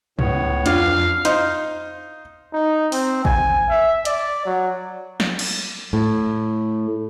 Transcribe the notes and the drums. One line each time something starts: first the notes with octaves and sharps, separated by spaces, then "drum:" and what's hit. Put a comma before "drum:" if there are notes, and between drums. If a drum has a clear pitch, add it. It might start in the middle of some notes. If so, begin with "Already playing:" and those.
C#2 A2 B3 C#5, drum: tom G2
F2 D4 F4 F5, drum: hi-hat
D#4 C5 F5, drum: hi-hat
D#4
C4, drum: open hi-hat
G#5, drum: kick
E5
D5, drum: hi-hat
F#3
drum: snare
drum: cymbal
A2